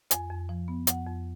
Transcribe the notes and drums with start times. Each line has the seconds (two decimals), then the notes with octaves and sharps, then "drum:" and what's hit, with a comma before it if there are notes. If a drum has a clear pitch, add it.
0.11 F2 G#5, drum: hi-hat
0.30 F2
0.49 F3
0.68 B3
0.87 F2 F#5, drum: hi-hat
1.07 F2